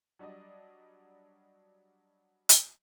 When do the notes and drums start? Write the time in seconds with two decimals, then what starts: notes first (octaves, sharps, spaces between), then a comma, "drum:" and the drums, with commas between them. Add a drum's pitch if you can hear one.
0.19 F#3 G3 D4 D5 D#5
2.49 drum: hi-hat